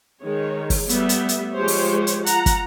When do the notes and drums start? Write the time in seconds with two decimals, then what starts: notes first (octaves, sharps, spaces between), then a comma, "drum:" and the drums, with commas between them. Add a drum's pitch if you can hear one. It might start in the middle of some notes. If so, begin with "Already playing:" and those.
0.22 D#3 G#3 C#5
0.70 drum: kick, open hi-hat
0.89 G3 A3 B3 E5, drum: hi-hat
1.09 drum: hi-hat
1.29 drum: hi-hat
1.54 F3 G#3 G4 C5 C#5
1.68 drum: open hi-hat
2.07 drum: hi-hat
2.26 F4 F#5 A#5, drum: hi-hat
2.46 drum: kick, hi-hat